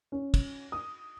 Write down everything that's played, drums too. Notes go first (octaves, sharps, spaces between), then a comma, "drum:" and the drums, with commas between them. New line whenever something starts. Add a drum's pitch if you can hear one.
C#4
drum: kick, cymbal
D#6